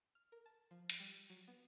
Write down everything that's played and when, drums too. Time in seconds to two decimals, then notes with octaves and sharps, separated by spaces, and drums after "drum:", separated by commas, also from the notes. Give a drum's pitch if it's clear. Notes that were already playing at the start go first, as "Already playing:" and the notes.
0.15 F6
0.32 A#4
0.46 A5
0.71 F3
0.90 drum: hi-hat
1.00 G3
1.30 F#3
1.48 B3